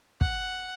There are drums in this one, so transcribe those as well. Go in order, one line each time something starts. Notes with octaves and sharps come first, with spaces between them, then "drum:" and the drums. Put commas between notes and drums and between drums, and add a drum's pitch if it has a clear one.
F#5, drum: kick